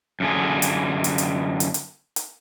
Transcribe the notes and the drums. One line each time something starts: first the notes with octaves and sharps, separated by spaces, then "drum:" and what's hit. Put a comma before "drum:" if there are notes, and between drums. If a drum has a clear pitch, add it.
F#2 D3 G#4
drum: hi-hat
drum: hi-hat
drum: hi-hat
drum: hi-hat
drum: hi-hat
drum: hi-hat